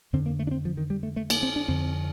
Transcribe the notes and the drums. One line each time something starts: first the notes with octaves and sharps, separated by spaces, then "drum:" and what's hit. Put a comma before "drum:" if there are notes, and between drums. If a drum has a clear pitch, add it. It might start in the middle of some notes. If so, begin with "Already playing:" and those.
F2 D3 C4
A#3
A3
D4
C4
F3
D#3
G3
A3
A3
A#3, drum: cymbal
C4
D4
F2 D3 C4